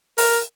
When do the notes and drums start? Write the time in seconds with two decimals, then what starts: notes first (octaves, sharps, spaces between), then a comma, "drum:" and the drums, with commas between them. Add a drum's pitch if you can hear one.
0.18 A#4, drum: open hi-hat